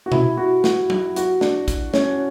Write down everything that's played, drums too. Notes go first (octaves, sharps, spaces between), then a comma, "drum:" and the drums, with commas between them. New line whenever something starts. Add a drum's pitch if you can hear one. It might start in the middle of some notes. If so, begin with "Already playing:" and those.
F#4
E4, drum: tom B2
F#4
F#4, drum: snare
drum: tom F#3
F#4, drum: hi-hat
D4, drum: snare
drum: kick, hi-hat
C#4, drum: snare